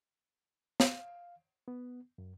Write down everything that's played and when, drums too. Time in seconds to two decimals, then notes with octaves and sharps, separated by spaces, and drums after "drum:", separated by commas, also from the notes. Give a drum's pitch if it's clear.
0.80 F5, drum: snare
1.68 B3
2.18 F#2